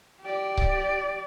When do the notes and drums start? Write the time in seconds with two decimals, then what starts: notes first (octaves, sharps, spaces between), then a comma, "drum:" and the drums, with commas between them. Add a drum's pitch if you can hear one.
0.21 G4 D5
0.57 drum: kick C#1